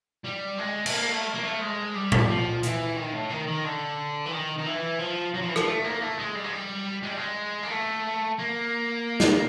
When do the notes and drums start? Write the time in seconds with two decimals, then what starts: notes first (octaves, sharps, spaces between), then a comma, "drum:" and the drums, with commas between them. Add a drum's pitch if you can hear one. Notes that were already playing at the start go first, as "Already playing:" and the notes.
0.25 G3
0.59 G#3
0.86 A3, drum: cymbal
0.93 A#3
1.10 A3
1.35 A#3
1.44 A3
1.61 G#3
1.95 G3
2.12 drum: tom A2
2.28 F3
2.63 E3, drum: hi-hat
2.96 D#3
3.14 A2
3.30 D#3
3.47 D#3
3.64 D3
4.26 E3
4.32 D#3
4.58 D#3
4.66 E3
4.99 F3
5.34 F#3
5.41 F3
5.48 E3
5.56 F3, drum: rim click
5.67 A3
5.84 A#3
6.02 A3
6.18 G#3
6.35 G3
6.44 G#3
6.52 G3
7.03 G#3
7.10 G3
7.17 G#3
7.63 A#3
7.70 A3
8.39 A#3
9.20 drum: snare